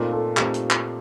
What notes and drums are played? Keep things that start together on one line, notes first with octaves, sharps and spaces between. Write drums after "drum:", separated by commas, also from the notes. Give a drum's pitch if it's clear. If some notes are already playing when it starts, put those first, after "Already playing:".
Already playing: A#2 A3 C4 D#4 F4
A4
A#2 A3 C4 D#4 G4, drum: clap
drum: hi-hat
drum: clap